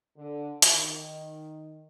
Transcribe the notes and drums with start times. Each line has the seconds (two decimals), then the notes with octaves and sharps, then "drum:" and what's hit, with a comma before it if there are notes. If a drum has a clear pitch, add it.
0.16 D3
0.62 D#3, drum: hi-hat